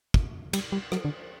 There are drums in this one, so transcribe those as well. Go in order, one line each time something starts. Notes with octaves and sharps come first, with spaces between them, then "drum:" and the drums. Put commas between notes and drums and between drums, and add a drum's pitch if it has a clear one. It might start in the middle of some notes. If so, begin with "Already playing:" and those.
drum: kick
G3, drum: cymbal
G3
F#3, drum: rim click
D3